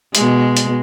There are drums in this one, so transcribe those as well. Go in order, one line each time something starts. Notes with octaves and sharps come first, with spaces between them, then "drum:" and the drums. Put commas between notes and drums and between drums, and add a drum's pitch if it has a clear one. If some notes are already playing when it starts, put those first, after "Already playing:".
B2 G#3, drum: hi-hat
drum: hi-hat